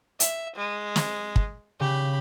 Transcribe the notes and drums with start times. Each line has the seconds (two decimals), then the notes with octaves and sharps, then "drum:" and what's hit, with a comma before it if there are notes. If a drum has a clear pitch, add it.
0.20 E5, drum: hi-hat
0.56 G#3
0.96 drum: snare
1.36 drum: kick
1.80 C#3 G4 B5